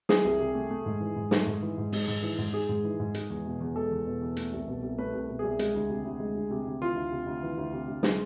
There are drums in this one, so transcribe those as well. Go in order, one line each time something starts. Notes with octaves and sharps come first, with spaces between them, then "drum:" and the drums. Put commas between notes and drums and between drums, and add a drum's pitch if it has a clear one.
E3 G#4, drum: snare
C2
C3
A3
A3
G#2
E3
G#2
A3, drum: snare
G#2
E3
G#2
G#3, drum: open hi-hat
G#2
E3
G#2
G#3 G#4
G#2
E3
G#2
G#3, drum: hi-hat
E2
B2
E2
G#3 A4
E2
B2
E2
A3, drum: hi-hat
C2
B2
C2
A3 B4
C2
B2
C2 G#4
G#3, drum: hi-hat
D2
C3
D2
G#3
D2
C3
D2
E3 F4
D2
C3
D2
E3
D2
C3
D2
G#3, drum: snare